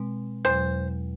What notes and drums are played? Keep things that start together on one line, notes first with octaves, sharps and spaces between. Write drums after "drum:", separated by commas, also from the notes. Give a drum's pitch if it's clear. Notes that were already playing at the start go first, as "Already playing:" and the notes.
Already playing: B2 G#3 C4
E2 B2 F#3 C5, drum: open hi-hat